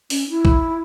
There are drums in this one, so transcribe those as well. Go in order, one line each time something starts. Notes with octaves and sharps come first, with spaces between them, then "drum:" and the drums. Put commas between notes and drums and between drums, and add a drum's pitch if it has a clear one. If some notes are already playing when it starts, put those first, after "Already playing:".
C#4, drum: open hi-hat
E4
drum: kick G1